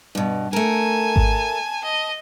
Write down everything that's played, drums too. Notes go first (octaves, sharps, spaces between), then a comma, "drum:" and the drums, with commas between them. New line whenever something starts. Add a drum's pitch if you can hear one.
G2 B2
A3 A#4 G#5 A5
drum: kick G#1
D#5